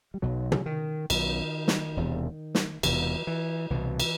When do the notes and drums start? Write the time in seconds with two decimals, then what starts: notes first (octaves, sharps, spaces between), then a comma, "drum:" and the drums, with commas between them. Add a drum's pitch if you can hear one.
0.14 G3
0.22 B1 B2 F#3
0.52 drum: tom
0.66 D#3
1.10 B1 B2 D#3, drum: cymbal
1.68 drum: snare
1.97 E1 E2 C3
2.55 drum: snare
2.83 E1 E2 C3 E3, drum: cymbal
3.27 E3
3.70 C2 B2 E3
4.00 drum: cymbal